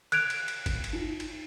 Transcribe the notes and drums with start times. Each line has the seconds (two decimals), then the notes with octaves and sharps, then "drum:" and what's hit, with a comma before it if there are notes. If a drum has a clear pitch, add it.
0.12 F#6 G#6 D7 F7, drum: cymbal
0.30 drum: cymbal
0.48 drum: cymbal
0.66 drum: kick, cymbal
0.84 drum: cymbal
0.93 D#4 F4
1.20 drum: cymbal